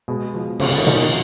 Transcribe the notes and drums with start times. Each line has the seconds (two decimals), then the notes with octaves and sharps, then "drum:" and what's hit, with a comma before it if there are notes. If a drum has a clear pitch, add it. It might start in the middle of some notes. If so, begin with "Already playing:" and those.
0.08 B2 G#3
0.34 F3
0.60 C#3 F3, drum: cymbal
0.70 C#3
0.78 D#3
0.87 D#4, drum: tom B2
0.95 D#3